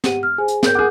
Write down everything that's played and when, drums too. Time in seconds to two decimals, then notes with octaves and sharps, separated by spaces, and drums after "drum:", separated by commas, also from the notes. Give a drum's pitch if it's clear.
0.04 G4 F#5 D#7, drum: snare
0.23 F6
0.38 G#4 C5 G#5
0.48 drum: hi-hat
0.63 A#4 G6, drum: snare
0.75 G#4 F#5 D6 F#6